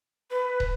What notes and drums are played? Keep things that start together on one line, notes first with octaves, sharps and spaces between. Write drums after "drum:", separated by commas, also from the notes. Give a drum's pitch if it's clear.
B4
drum: kick